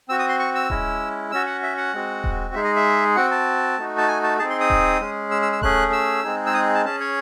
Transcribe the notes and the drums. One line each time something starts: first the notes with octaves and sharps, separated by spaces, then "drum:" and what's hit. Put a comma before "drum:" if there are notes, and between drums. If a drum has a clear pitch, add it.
C4 F#4 E6
D#6
C6
C#6
E6
G#3 C#4 E4, drum: kick D#1
C#4 F#4 E6
F#5
E5
F#5
G#3 C4 F#4
drum: kick D#1
G#3 D#4 G#4 E5
D#5
E5
C4 F#4 F#5
A5
A3 D#4 F#4
A5
G#5
A5
C4 D#4 G#4 A5
C6
D#6
drum: kick D#1
G#3 C#4 G#4
E6
E6
E6
A3 C#4 G#4 F#6, drum: kick D#1
E6
G#3 C4 D#4 G#4
E6
D#6
A5
C#4 G#4 A5
C#5